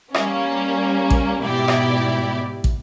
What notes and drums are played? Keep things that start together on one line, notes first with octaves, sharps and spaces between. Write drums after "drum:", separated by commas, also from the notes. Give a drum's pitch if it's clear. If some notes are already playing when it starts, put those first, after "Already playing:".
G3 A#3 C#4, drum: rim click
drum: kick
G#2 B2 E4 G4 D5
drum: rim click
drum: kick